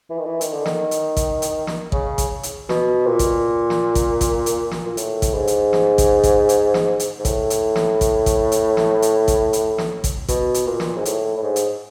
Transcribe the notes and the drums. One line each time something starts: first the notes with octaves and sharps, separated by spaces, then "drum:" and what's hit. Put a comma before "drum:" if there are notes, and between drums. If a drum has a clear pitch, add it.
E3
D#3
E3
D#3, drum: hi-hat
D3
D#3, drum: snare
drum: hi-hat
drum: kick A1, hi-hat
drum: hi-hat
drum: snare
C#3, drum: kick A1
drum: kick A1, hi-hat
drum: hi-hat
B2, drum: snare
A#2
drum: kick A1, hi-hat
drum: snare
drum: kick A1, hi-hat
drum: kick A1, hi-hat
drum: hi-hat
drum: snare
A#2
A2, drum: hi-hat
drum: kick A1, hi-hat
G#2
drum: hi-hat
drum: snare
drum: kick A1, hi-hat
drum: kick A1, hi-hat
drum: hi-hat
drum: snare
drum: hi-hat
G#2
A2, drum: kick A1, hi-hat
drum: hi-hat
drum: snare
drum: kick A1, hi-hat
drum: kick A1, hi-hat
drum: hi-hat
drum: snare
drum: hi-hat
drum: kick A1, hi-hat
drum: hi-hat
drum: snare
drum: kick A1, hi-hat
B2, drum: kick A1, hi-hat
drum: hi-hat
A#2
drum: snare
G#2
A2, drum: hi-hat
A2
G#2
drum: hi-hat